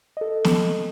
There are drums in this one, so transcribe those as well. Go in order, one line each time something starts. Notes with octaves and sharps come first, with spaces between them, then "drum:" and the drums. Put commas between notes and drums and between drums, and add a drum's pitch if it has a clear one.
A4 D#5
drum: snare